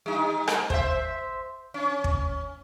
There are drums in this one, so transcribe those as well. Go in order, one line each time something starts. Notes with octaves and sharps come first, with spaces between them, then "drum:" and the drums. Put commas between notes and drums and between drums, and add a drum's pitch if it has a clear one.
G3 D#4
drum: rim click
C5 E5, drum: kick
C#4
drum: kick